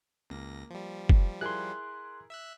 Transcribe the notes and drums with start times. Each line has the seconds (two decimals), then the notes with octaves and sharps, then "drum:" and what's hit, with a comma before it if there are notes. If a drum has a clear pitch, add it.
0.30 C#2 A#3 A#6
0.70 F3 G3
1.09 drum: kick
1.41 E4 G#4 A#4 C6 F#6
2.30 E5 E6 F#6